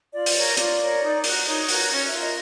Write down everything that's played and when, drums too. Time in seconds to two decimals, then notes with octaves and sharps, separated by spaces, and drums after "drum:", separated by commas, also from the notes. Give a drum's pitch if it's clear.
0.13 F4 D5
0.26 drum: open hi-hat
0.35 A#4 C#5
0.57 F4 D5, drum: hi-hat
0.80 A#4 C#5
1.02 D#4
1.24 F#4 A#4, drum: open hi-hat
1.46 D#4 C#5
1.68 F#4 A#4, drum: open hi-hat
1.90 C#4
2.07 E5
2.12 F4 A#4
2.20 D#5